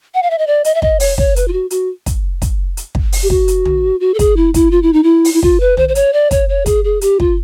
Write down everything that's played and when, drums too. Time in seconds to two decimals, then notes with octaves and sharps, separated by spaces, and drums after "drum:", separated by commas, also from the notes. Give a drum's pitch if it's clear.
0.14 F#5
0.23 F5
0.30 E5
0.38 D#5
0.47 D5
0.64 D#5, drum: hi-hat
0.75 E5
0.82 D#5, drum: kick
1.00 C#5, drum: open hi-hat
1.18 C#5, drum: kick
1.36 B4, drum: hi-hat
1.48 F4
1.53 F#4
1.70 F#4, drum: hi-hat
2.06 drum: kick, hi-hat
2.42 drum: kick, hi-hat
2.77 drum: hi-hat
2.95 drum: kick
3.12 drum: open hi-hat
3.23 G4
3.30 F#4, drum: kick
3.48 drum: hi-hat
3.65 drum: tom
4.00 F#4
4.14 A4
4.19 G#4, drum: kick, hi-hat
4.36 E4
4.54 E4, drum: kick, hi-hat
4.71 F4
4.83 E4
4.93 D#4
5.03 E4
5.25 drum: open hi-hat
5.34 E4
5.43 F4, drum: kick
5.60 B4
5.77 C5, drum: tom
5.89 C5
5.95 C#5, drum: hi-hat
6.13 D5
6.31 C#5, drum: kick, hi-hat
6.49 C#5
6.66 G#4, drum: kick, hi-hat
6.84 G#4
7.01 G4, drum: hi-hat
7.20 F4, drum: kick